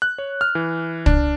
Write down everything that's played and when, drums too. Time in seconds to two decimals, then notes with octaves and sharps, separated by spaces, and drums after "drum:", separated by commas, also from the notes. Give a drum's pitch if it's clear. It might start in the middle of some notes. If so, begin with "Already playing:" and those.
0.02 F#6
0.18 C#5
0.41 F6
0.55 E3
1.06 D4, drum: kick